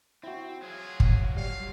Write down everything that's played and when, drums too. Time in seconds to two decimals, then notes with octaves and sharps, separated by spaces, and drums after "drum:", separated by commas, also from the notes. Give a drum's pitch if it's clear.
0.23 C4 E4 F#4
0.62 F#3 F4 G#4
1.00 drum: kick
1.37 G3 F5